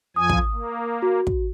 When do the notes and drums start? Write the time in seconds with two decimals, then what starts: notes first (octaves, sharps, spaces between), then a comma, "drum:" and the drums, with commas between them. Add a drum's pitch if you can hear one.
0.16 F2 F3 G#5 D#6
0.29 drum: kick
0.52 A#3
1.02 F#4
1.27 drum: kick